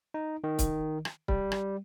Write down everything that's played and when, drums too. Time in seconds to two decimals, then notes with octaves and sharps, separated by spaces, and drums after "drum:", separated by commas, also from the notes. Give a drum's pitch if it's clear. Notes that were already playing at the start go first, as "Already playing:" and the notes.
0.14 D#4
0.44 D#3
0.59 drum: kick C#1, hi-hat
1.05 drum: rim click
1.28 G3, drum: kick C#1
1.52 drum: rim click